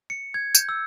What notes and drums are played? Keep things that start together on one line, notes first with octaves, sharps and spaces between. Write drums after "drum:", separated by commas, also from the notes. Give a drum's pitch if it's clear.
C#7
G#6
G6, drum: tambourine
E6